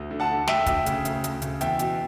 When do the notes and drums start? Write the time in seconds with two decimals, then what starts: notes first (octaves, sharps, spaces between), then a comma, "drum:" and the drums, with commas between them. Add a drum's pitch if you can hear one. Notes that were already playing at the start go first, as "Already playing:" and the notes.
Already playing: D2
0.11 D3
0.20 F#5 A5
0.30 D3
0.47 D2 E5 G5, drum: snare
0.66 D2, drum: kick, hi-hat
0.86 C#3, drum: hi-hat
1.05 D2, drum: hi-hat
1.24 D2, drum: hi-hat
1.42 C#3, drum: hi-hat
1.61 E2 E5 G5, drum: hi-hat
1.79 B2, drum: hi-hat